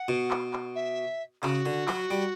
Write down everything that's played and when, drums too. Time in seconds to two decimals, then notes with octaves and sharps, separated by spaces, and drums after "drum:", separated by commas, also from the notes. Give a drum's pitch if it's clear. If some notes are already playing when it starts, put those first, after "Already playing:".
Already playing: F#5
0.08 B2
0.31 drum: clap
0.53 drum: clap
0.75 E5
1.43 C#3 F#4, drum: clap
1.66 D3
1.88 F#3, drum: clap
2.11 G3